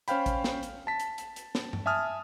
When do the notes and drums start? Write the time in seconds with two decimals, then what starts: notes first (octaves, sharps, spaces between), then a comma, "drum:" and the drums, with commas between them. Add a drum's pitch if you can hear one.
0.08 C#4 C5 F5 G5 B5, drum: hi-hat
0.26 drum: kick A1, hi-hat
0.44 drum: snare
0.63 drum: hi-hat
0.87 A5 B6
1.00 drum: hi-hat
1.18 drum: hi-hat
1.36 drum: hi-hat
1.55 drum: snare
1.73 drum: tom G2
1.86 E5 G#5 A5 D#6 F6